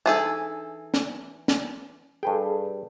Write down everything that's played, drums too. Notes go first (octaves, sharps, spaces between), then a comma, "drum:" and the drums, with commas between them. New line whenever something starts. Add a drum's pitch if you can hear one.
E3 D4 D#4 G#4 A4
drum: snare
drum: snare
G2 G#4 A4 B4 G5